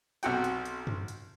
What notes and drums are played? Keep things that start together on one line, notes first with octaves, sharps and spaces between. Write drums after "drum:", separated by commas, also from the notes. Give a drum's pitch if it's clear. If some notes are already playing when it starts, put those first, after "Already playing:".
B1 C3 F#4 G5, drum: hi-hat
drum: hi-hat
drum: hi-hat
drum: tom F#2
drum: hi-hat